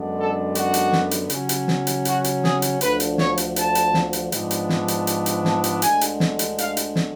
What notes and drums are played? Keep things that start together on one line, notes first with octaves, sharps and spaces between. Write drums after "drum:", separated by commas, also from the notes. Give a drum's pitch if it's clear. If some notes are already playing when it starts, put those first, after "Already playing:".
Already playing: F#2 D3 G#3 B3 D4
A4
F#4, drum: hi-hat
drum: hi-hat
drum: snare
drum: hi-hat
C#3 F#3 C#4, drum: hi-hat
drum: hi-hat
drum: snare
drum: hi-hat
F#4, drum: hi-hat
drum: hi-hat
G#4, drum: snare
drum: hi-hat
D2 D3 F3 B4, drum: hi-hat
drum: hi-hat
C#5, drum: snare
drum: hi-hat
A5, drum: hi-hat
drum: hi-hat
drum: snare
drum: hi-hat
G#2 F3 G#3 B3 D4, drum: hi-hat
drum: hi-hat
drum: snare
drum: hi-hat
drum: hi-hat
drum: hi-hat
A5, drum: snare
drum: hi-hat
D2 D3 G#3 G#5, drum: hi-hat
drum: hi-hat
drum: snare
drum: hi-hat
F5, drum: hi-hat
drum: hi-hat
drum: snare